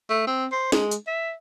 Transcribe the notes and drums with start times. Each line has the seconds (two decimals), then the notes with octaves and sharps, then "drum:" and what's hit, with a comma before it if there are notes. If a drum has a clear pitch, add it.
0.10 A3
0.27 C4
0.52 C5
0.72 G#3, drum: snare
0.91 drum: hi-hat
1.07 E5